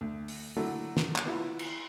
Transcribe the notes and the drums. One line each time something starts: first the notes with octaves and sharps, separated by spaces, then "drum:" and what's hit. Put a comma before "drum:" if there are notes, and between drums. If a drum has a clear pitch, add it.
D2
drum: open hi-hat
D3 F#3 A3 E4 A4
drum: snare
drum: clap
B3 E4 F4
drum: cymbal